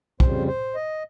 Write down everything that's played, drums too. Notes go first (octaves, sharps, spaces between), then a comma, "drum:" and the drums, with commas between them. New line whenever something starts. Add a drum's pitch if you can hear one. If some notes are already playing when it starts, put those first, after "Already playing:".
F2 C#3 G3 C5, drum: kick
C5
D#5